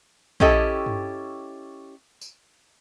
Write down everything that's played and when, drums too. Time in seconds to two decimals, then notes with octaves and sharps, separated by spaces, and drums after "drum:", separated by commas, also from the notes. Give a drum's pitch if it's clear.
0.40 C#4 E4 G4 A4 D#5, drum: kick
0.86 drum: tom G2
2.21 drum: tambourine